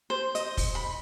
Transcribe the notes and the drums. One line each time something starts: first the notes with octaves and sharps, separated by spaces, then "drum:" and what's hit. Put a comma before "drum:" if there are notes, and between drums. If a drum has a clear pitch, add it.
C5
D#5, drum: hi-hat
drum: kick, open hi-hat
B5